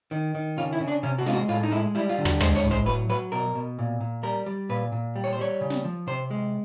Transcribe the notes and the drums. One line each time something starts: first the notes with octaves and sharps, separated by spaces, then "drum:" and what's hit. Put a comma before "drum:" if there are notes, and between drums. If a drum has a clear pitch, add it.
D#3
D#3
C#3 F4
E4
C#3
D4
C3 C#4
F#4
G#3 F4, drum: snare
F#4
A2 F4
D#4
G#3 E4
G3 E4
F4
D3
F#4, drum: tom
G#3 C5, drum: tom
C#5
A2
C5, drum: kick
F#3 B4
F#3 B4
B2 A#4
B2
A#2
A#2
G3 A#4
G3, drum: hi-hat
A#2 B4
A#2
G3
C#5
C5
G3 C#5
C#3
drum: snare
F3
C3 C5
G#3